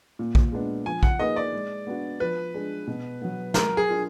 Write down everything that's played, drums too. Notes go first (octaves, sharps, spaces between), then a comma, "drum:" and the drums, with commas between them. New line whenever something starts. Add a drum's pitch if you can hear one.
A#2
drum: kick A#1
G#3 B3 D4
F3 G#5
F#5, drum: kick A#1
A#3 D#4 G#4 B4 D#5
D5
G#3
B3 D4 F#4
F3 B4
G#3 D4 G#4
B2
F#3 B3
F#3 A#4, drum: snare
G#4
D4 F4 A#4